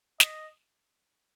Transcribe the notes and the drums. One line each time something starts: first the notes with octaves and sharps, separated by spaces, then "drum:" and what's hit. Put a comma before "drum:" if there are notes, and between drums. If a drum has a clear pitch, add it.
D#5, drum: snare